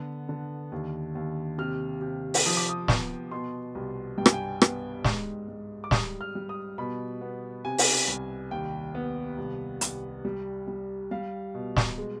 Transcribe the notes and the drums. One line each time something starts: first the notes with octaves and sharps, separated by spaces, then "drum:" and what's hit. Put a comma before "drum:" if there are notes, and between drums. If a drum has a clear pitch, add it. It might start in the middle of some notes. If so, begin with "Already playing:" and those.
Already playing: D3 B3
D3
D#2
D#2
C3 F6
C3
drum: open hi-hat
F3 D#6
D6
D#6
B3, drum: snare
B2 C6
C2
G2 G5
G#5, drum: rim click
G5
B3, drum: rim click
G#2, drum: snare
G#2
D6
G3 D#6, drum: snare
F6
G3
D#6
B2 B5
B3
C3 G#5
drum: open hi-hat
C2
D#2 G5
B3
C2
C2, drum: hi-hat
G3
G3
G3 F5
B2
drum: snare
G#3